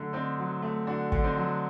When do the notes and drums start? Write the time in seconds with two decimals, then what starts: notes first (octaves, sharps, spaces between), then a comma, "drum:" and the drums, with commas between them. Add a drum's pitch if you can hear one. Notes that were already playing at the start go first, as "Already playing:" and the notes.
Already playing: D3 F#3 A3 D4
0.13 D3 C4 D#4
0.38 F#3
0.62 A3
0.87 D3 D4 F#4
1.12 D3, drum: kick
1.24 C4 D#4
1.37 F#3